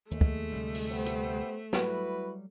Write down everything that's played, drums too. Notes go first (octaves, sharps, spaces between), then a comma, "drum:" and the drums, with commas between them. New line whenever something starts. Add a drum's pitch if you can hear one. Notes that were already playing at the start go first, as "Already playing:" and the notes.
D#2 G#3 A3
drum: kick
D2 C3 G3
drum: open hi-hat
B3 G4 C5
drum: hi-hat
F#3 G3 E4 F#4 B4, drum: snare B4